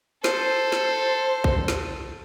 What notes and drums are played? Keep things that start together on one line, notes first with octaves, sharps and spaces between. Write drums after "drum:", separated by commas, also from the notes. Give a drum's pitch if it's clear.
A4 C5, drum: snare
drum: snare
drum: kick
drum: snare